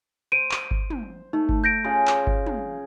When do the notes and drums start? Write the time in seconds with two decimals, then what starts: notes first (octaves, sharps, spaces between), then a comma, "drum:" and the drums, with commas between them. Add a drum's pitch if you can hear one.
0.32 C5 D7 D#7
0.51 drum: clap
0.71 drum: kick G1
0.90 drum: tom
1.33 A3 D#4
1.49 drum: kick G1
1.64 G6 A#6 D7
1.84 C#3 F4 G#4
2.07 drum: clap
2.27 drum: kick G1
2.46 drum: tom